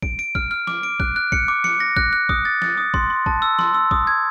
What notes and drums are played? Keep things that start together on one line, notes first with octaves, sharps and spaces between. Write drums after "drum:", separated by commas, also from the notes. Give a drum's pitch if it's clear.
D7, drum: kick
D7
F6, drum: kick
F6
D6, drum: snare
D7
F#6, drum: kick
F#6
C#7, drum: kick
D6
C#7, drum: snare
A#6
F#6, drum: kick
F#6
D#6, drum: kick
A6
A6, drum: snare
D#6
C6, drum: kick
C6
A5, drum: kick
E6
C6, drum: snare
E6
D#6, drum: kick
G#6